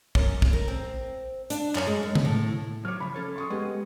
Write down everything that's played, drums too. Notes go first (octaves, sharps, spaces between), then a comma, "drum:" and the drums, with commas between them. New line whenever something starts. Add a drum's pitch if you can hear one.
F#2, drum: kick
drum: kick
A#4
C4
D4, drum: hi-hat
F#2, drum: clap
G#3
F#2
drum: tom C#3
A2
F#3 C#5 D6 F6
C#3 F3 B5
C#4 A4 C#5
C6 C#6 D#6
G#3 B3 G4 D#5